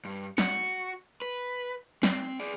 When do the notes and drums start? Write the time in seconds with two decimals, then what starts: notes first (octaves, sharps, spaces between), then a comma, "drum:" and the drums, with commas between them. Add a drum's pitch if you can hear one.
0.05 G2
0.38 F#4, drum: snare
1.22 B4
2.03 C4, drum: snare
2.40 G#4 D5